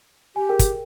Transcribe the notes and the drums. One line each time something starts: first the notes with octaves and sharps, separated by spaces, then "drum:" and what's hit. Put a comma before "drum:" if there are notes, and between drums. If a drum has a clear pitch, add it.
G4 G#5
G#4 A#4 G5
drum: kick, hi-hat